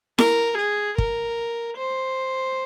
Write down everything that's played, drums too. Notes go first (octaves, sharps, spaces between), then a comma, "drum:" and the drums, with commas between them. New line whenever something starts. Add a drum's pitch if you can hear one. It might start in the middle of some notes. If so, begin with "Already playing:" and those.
A#4, drum: snare E4
G#4
A#4, drum: kick
C5